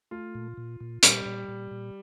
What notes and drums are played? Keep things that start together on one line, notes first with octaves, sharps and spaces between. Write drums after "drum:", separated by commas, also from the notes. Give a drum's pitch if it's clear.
A3 F4
A#2
A#2
A#2
A#2 G3, drum: hi-hat
A#2
A#2
A#2